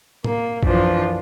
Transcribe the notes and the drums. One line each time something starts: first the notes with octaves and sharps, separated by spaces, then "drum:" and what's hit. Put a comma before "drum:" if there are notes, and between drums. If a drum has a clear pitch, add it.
A#3, drum: tom A2
F#2 E3 F3 D4 F4, drum: kick